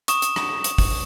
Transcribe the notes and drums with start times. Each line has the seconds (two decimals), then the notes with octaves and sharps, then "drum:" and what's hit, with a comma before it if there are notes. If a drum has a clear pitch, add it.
0.08 C#6 D#6 E7, drum: hi-hat
0.22 drum: hi-hat
0.36 drum: rim click
0.64 drum: hi-hat
0.78 drum: kick, open hi-hat